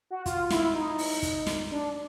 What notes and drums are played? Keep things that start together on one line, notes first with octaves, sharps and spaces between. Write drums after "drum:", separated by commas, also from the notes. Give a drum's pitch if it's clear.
F#4
F4, drum: kick, hi-hat
E4, drum: snare
D#4
drum: open hi-hat
drum: kick, hi-hat
drum: snare
D4